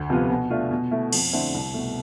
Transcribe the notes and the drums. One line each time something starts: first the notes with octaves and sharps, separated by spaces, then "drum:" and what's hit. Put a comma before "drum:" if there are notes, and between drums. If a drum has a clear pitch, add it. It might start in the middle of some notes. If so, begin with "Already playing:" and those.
Already playing: D2
C3 F3 B3 F4
B2
A3 D4 F4
B2
A3 E4
F2, drum: cymbal
D3 A3 C4 E4
C2
B2 A3